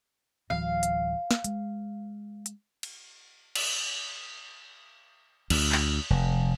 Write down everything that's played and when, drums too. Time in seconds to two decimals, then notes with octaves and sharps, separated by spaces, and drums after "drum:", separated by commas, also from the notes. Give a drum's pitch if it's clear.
0.50 D1 E3 F#3 F5
0.83 drum: hi-hat
1.31 drum: snare
1.44 G#3, drum: hi-hat
2.46 drum: hi-hat
2.83 drum: cymbal
3.55 drum: cymbal
5.50 D2, drum: cymbal
5.72 drum: clap
6.10 F1